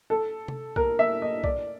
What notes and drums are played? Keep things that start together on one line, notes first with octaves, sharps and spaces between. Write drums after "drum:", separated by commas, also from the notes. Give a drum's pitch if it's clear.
A4
drum: tom C3
A#4, drum: kick B1
E5
D#5
D5, drum: kick B1